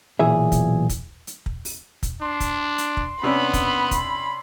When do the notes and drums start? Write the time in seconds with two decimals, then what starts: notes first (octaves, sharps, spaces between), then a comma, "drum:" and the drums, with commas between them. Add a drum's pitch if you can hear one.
0.19 B1 A#2 E3 G#4 E5
0.52 drum: kick, hi-hat
0.89 drum: kick, hi-hat
1.27 drum: hi-hat
1.46 drum: kick
1.65 drum: open hi-hat
2.03 drum: kick, hi-hat
2.21 D4 C6
2.40 drum: kick, hi-hat
2.78 drum: hi-hat
2.97 drum: kick
3.23 C3 B3 C#4 D4 B5
3.53 drum: kick, hi-hat
3.91 drum: kick, hi-hat